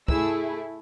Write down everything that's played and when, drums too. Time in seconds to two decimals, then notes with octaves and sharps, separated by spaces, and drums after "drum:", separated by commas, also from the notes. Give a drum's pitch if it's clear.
0.08 A3 E4 G#4 E6, drum: kick